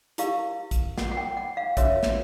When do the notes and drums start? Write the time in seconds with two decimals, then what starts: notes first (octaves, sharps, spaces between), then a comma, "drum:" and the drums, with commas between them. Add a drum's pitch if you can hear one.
0.18 E4 G4 A#4 F5, drum: hi-hat
0.71 drum: kick A#1, hi-hat
0.98 F#5, drum: snare
1.11 F#5
1.17 G5
1.37 F#5
1.57 F5
1.77 C#4 F#4 A#4 C#5 E5, drum: kick A#1, hi-hat
2.03 drum: snare